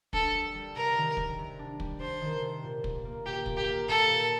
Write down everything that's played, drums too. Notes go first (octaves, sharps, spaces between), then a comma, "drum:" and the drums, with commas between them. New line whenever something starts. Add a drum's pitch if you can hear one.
D4 A4, drum: kick
G3
G3
C3 A#4
D#3
G3, drum: kick
C3
D4
G3, drum: kick
D4 C5
D#3
C3
A#2
A#2, drum: kick
A#3
A#2 G4
A#2, drum: kick
G4
A#3
A#2 A4
A#2